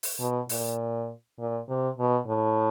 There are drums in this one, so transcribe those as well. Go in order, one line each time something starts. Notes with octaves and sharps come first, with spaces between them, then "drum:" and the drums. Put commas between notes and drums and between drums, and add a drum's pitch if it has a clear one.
drum: open hi-hat
B2
A#2, drum: open hi-hat
A#2
C3
B2
A2